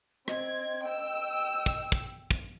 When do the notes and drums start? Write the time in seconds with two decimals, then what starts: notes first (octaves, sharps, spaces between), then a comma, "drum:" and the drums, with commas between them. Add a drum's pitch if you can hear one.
0.28 C4 D#5 G#6, drum: rim click
0.85 G5 E6
1.66 drum: kick
1.92 drum: kick
2.31 drum: kick